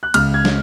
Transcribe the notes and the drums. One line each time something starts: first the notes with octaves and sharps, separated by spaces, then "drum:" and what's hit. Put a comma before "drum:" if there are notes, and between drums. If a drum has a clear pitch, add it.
F#6
C#2 F6, drum: cymbal
G#6
drum: snare